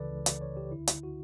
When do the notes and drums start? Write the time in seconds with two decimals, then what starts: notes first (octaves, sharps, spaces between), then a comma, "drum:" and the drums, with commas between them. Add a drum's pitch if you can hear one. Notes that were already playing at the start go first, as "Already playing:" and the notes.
Already playing: C#2 C#3 E3 A4 B4 D5
0.11 C#2 C#3 E3
0.26 D5, drum: hi-hat
0.41 C#5
0.57 G4
0.72 D2 D3 E4
0.87 drum: hi-hat
1.03 F#4